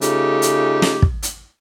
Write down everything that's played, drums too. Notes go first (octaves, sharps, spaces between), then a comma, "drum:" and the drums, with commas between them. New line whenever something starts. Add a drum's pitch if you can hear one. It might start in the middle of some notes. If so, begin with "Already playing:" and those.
C#3 A3 D#4 F4 G4, drum: hi-hat
drum: hi-hat
drum: snare
drum: kick
drum: hi-hat